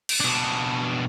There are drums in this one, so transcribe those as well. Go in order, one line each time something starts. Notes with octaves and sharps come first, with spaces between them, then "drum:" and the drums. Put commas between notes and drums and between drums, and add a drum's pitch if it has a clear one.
drum: cymbal
B2 D4